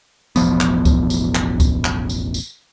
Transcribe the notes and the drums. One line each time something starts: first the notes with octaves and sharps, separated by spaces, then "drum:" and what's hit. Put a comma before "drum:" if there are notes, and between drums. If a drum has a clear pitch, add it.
E1 A1 F3 B3, drum: tambourine
drum: clap
drum: kick C#2, tambourine
drum: tambourine
drum: clap
drum: kick C#2, tambourine
drum: clap
drum: tambourine
drum: tambourine